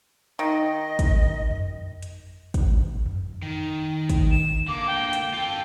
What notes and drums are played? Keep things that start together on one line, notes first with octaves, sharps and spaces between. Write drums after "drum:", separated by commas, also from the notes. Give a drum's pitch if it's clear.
D#3 D#5
drum: kick, hi-hat
drum: tom F2
drum: hi-hat
drum: kick, hi-hat
drum: tom F2
D#3
drum: kick, hi-hat
E7
D3 A#3 D6
G5
drum: hi-hat
F4 A4 G5